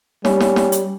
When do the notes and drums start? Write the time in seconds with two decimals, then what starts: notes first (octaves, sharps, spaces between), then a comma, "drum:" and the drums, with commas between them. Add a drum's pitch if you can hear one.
0.25 G3 C#4, drum: snare
0.40 drum: snare
0.56 drum: snare
0.72 drum: hi-hat